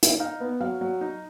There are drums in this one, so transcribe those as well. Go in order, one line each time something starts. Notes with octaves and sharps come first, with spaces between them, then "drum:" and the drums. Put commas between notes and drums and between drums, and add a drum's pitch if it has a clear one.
drum: hi-hat
D#4 F5
B3
F#3 F5
F#3
D#4